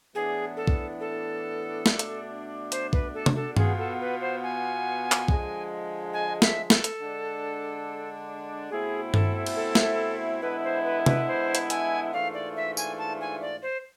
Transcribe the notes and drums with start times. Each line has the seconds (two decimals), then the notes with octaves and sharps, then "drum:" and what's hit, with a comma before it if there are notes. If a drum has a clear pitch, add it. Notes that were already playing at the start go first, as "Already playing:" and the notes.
0.15 A2 E3 B3 D4 G#4
0.57 A4
0.67 drum: kick
1.00 A4
1.86 B2 A3 D4, drum: snare
1.99 drum: hi-hat
2.72 C5, drum: hi-hat
2.93 B4, drum: kick
3.14 A4
3.26 drum: tom C3
3.36 A4
3.57 B2 B3 F4 G#4, drum: tom G2
3.78 A4
4.00 B4
4.21 C5
4.43 G#5
5.12 drum: clap
5.28 D3 F3 G#3, drum: kick
6.13 G#5
6.42 E5, drum: snare
6.70 A4, drum: snare
6.84 drum: hi-hat
7.00 D3 G#3 D4
8.71 B2 A3 C4 E4 G#4
9.14 A4, drum: tom G2
9.46 drum: cymbal
9.56 A4
9.75 drum: snare
10.41 D3 G#3 B3 E4 B4
10.64 C5
10.84 B4
11.06 B4, drum: tom C3
11.27 C5
11.55 drum: hi-hat
11.70 G#5, drum: hi-hat
12.13 G#2 E3 A3 D4 F4 F5
12.34 D5
12.56 E5
12.77 G#5, drum: tambourine
12.98 A5
13.21 G#5
13.41 D5
13.62 C5